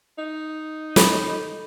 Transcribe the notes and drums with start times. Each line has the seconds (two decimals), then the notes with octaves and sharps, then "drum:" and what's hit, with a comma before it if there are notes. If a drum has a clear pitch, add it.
0.19 D#4
0.96 A4 B5 D6, drum: snare